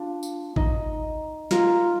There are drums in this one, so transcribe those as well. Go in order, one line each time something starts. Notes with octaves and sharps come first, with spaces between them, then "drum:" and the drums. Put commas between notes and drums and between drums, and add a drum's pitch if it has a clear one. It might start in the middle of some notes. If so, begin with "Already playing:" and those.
Already playing: D4 F4
drum: tambourine
D#4 D#5, drum: kick G#1
F4 A#4, drum: snare